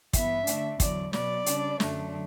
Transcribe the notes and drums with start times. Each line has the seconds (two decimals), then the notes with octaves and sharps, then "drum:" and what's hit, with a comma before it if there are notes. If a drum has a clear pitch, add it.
0.13 G2 E3 B3 E5, drum: kick, hi-hat
0.47 D3 A3 D4, drum: hi-hat
0.80 E2 D3 F#3 D5, drum: kick, hi-hat
1.13 B2 F#3 B3 D5, drum: snare
1.46 C#3 G3 D4, drum: hi-hat
1.80 F#2 D3 F#3 A3 D4, drum: snare